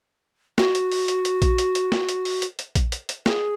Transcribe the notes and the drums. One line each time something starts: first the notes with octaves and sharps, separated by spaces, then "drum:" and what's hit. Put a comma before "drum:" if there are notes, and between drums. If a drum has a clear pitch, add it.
F#4, drum: snare
drum: hi-hat
drum: open hi-hat
drum: hi-hat
drum: hi-hat
drum: kick A#1, hi-hat
drum: hi-hat
drum: hi-hat
drum: snare
drum: hi-hat
drum: open hi-hat
drum: hi-hat
drum: hi-hat
drum: kick A#1, hi-hat
drum: hi-hat
drum: hi-hat
G#4, drum: snare